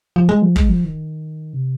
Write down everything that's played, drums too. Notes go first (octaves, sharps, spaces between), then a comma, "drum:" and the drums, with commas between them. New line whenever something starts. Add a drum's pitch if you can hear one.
F3
G#3
F3
G#3, drum: kick
F3
D#3
C3